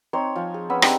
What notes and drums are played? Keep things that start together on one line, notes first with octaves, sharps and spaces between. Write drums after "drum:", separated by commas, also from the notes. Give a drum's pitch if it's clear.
C4 D#4 C5 C#5
F3 G#5
G#4
B3 C#4 B5 E6
C4 D4 D#4 G4, drum: rim click